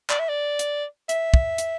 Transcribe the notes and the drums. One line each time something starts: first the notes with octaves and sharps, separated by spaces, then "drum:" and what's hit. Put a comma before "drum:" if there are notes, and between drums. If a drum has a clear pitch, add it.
D5, drum: clap
E5
D5
drum: hi-hat
E5, drum: hi-hat
drum: kick
drum: hi-hat